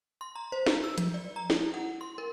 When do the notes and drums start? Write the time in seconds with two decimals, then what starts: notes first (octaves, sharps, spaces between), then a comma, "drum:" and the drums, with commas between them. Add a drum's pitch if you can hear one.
0.21 C6
0.35 A#5
0.52 C5
0.66 A#5, drum: snare
0.84 E6
0.98 F3, drum: hi-hat
1.14 D5
1.36 A#5
1.50 E4, drum: snare
1.74 F#5
2.01 C6
2.18 A#4